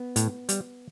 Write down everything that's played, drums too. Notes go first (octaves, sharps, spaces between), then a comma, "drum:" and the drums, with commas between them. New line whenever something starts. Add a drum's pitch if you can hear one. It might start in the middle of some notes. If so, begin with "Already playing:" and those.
Already playing: B3
A2, drum: hi-hat
G3, drum: hi-hat